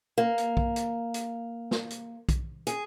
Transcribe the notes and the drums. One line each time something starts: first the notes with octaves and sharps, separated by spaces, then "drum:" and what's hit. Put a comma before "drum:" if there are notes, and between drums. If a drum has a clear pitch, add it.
A#3
drum: hi-hat
drum: kick
drum: hi-hat
drum: hi-hat
drum: snare
drum: hi-hat
drum: kick, hi-hat
G#4, drum: hi-hat